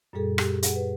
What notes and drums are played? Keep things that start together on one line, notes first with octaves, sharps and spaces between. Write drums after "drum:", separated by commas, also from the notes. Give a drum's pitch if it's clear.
F#2 A#2 G3 G#4 A4
G4, drum: rim click
G#4 F#5, drum: hi-hat
B4